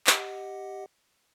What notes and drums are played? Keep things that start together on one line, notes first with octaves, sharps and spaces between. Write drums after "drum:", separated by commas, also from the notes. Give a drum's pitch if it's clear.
G4 D#5 F#5, drum: clap